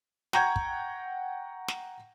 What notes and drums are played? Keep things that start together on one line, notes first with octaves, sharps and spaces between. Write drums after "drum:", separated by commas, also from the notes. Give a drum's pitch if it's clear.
F#5 G5 A#5 C#6 G6 G#6, drum: snare
drum: kick
drum: snare